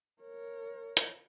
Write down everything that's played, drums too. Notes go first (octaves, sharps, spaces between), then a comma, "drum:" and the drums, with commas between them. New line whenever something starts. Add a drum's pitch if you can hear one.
A#4 C#5
drum: hi-hat